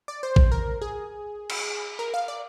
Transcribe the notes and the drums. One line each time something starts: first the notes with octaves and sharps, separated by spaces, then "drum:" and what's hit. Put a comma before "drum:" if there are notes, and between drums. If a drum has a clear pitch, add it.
D5
C5
drum: kick A1
A#4
G#4
drum: cymbal
A#4
F5
D5